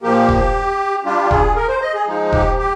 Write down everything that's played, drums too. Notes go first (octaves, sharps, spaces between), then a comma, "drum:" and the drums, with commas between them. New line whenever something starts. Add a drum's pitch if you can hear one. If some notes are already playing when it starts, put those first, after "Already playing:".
A#2 F3 A#3 G4
drum: kick E1
G3 D4 F4 G4
G#4, drum: kick E1
A#4
C5
D#5
G#4
F3 G#3 D#4
G4, drum: kick E1
G4